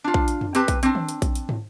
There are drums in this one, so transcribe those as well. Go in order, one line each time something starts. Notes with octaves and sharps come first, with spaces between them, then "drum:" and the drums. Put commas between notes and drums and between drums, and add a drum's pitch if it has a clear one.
D4 F4
drum: kick A#1
drum: hi-hat
drum: tom F2
C4 G4 B4 A5, drum: hi-hat
drum: kick A#1, hi-hat
C4 D4, drum: hi-hat
drum: tom D#3
drum: hi-hat
drum: kick A#1, hi-hat
drum: hi-hat
drum: tom